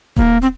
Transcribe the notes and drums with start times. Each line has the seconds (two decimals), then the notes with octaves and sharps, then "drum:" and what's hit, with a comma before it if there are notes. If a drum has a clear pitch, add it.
0.17 A#3, drum: kick D#1
0.42 C4